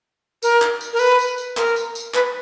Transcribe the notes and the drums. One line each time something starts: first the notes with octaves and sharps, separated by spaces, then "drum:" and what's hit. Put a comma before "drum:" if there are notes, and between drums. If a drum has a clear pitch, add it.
A#4, drum: tambourine
drum: clap
drum: tambourine
A#4
B4, drum: tambourine
drum: tambourine
drum: tambourine
A#4, drum: clap
drum: tambourine
drum: tambourine
B4, drum: clap